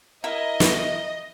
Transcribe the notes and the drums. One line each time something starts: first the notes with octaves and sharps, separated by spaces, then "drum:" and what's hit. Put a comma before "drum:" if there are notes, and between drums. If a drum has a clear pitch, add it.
E4 A#4 D#5
drum: snare